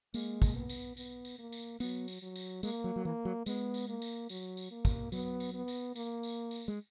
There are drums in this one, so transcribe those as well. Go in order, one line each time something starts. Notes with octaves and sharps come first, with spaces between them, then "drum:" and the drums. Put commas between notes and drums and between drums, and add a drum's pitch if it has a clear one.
G#3 A#3, drum: tambourine
drum: kick, tambourine
B3
drum: tambourine
B3, drum: tambourine
drum: tambourine
A#3
drum: tambourine
F#3 B3, drum: tambourine
drum: tambourine
F#3
drum: tambourine
G#3 A#3, drum: tambourine
F#3
F#3
E3 A#3
F#3
G#3 B3, drum: tambourine
drum: tambourine
A#3
drum: tambourine
F#3, drum: tambourine
drum: tambourine
A#3
drum: kick, tambourine
F#3 B3, drum: tambourine
drum: tambourine
B3
drum: tambourine
A#3, drum: tambourine
drum: tambourine
drum: tambourine
G#3